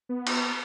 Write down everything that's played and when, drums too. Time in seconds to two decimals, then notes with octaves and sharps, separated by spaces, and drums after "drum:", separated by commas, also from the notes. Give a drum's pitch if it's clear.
0.09 B3
0.27 drum: cymbal